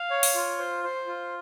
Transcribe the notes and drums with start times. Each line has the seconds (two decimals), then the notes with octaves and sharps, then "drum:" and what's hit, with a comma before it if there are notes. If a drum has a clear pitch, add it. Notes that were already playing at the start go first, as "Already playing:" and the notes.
Already playing: F5
0.11 C#5
0.23 drum: open hi-hat
0.35 F4
0.59 C5
0.84 C5
1.07 F4